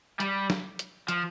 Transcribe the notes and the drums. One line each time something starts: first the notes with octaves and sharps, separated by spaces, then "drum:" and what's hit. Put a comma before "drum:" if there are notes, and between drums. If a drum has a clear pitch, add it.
G3, drum: hi-hat
drum: snare
drum: hi-hat
F3, drum: hi-hat